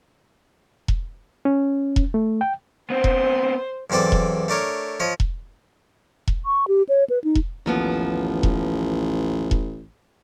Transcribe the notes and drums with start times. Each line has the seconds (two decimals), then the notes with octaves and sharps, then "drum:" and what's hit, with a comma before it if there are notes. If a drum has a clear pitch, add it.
0.88 drum: kick E1
1.45 C#4
1.96 drum: kick E1
2.14 A3
2.41 G5
2.90 B3 C4 C5
3.04 drum: kick E1
3.90 B1 E2 C4 A4 D5
4.12 drum: kick E1
4.48 A3 D4 A#4 C#5
5.00 F3 C#5 D#5
5.20 drum: kick E1
6.28 drum: kick E1
6.46 C#6
6.68 G4
6.89 C#5
7.10 B4
7.24 D#4
7.35 drum: kick E1
7.66 A1 D#2 F3 B3
8.43 drum: kick E1
9.51 drum: kick E1